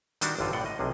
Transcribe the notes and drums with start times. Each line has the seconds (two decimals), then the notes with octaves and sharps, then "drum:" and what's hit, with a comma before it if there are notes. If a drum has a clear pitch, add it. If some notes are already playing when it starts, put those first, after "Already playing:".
0.21 D#3 G3 D4 F#4, drum: hi-hat
0.39 A1 G2 D3 F4
0.53 A2 D5 F#5 G5
0.66 D#5
0.79 B1 C3 F3 G#4